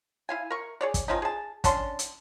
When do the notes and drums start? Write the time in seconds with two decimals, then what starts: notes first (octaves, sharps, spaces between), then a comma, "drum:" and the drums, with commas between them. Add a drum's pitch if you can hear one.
0.29 E4 F5 G#5
0.50 A#4 C#6
0.81 G#4 C#5 D5
0.94 drum: kick, hi-hat
1.08 D#3 F3 C#4 D#4
1.22 G#4 A5
1.64 C#4 D4 A5 C6, drum: kick, hi-hat
1.99 drum: hi-hat